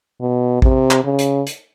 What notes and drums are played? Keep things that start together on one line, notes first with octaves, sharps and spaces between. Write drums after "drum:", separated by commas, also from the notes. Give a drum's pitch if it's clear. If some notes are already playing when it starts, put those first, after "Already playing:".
B2
C3, drum: kick A1
drum: clap
C#3
drum: hi-hat
drum: hi-hat